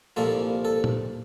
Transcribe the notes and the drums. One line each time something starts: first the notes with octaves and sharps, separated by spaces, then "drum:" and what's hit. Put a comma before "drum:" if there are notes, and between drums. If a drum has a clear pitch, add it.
C2 A#2 F3 A#3 A4
A4
drum: tom A#2